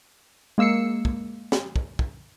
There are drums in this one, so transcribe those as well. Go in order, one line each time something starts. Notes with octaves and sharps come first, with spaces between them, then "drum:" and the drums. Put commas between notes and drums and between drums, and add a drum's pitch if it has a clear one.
G#3 A#3 E6 C7 C#7
drum: kick
drum: snare
drum: kick
drum: kick